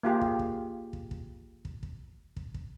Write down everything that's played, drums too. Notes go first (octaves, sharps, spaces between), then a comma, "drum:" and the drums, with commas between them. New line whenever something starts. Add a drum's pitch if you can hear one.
A#3 F4 G4 G#4
drum: kick
drum: kick
drum: kick
drum: kick
drum: kick
drum: kick
drum: kick
drum: kick